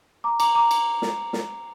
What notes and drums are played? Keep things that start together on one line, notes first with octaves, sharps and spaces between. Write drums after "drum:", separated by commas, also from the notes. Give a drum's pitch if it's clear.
A#5 D6
A#5 D6, drum: cymbal
A#5 D6
drum: cymbal
drum: snare
drum: snare